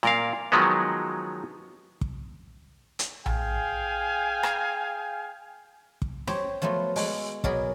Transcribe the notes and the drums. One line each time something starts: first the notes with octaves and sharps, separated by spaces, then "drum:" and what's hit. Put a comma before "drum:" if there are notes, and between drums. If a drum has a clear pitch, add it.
A#2 A#4 F5, drum: snare
D#3 F3 F#3 G#3 B3
drum: kick
drum: hi-hat
G#4 F5 G5 G#5, drum: tom A#1
drum: rim click
drum: kick
G4 C5 C#5 G5, drum: snare
F3 F#3 A3 B3 F4
G#3 F#4, drum: open hi-hat
B2 F#3 G#4 A#4 D5 B5, drum: kick